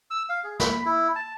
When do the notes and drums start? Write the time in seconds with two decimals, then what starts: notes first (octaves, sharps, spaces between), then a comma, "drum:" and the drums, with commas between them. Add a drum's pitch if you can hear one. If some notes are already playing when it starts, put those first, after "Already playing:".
0.11 E6
0.29 F5
0.44 G#4
0.60 B5, drum: snare
0.85 E4
1.16 A5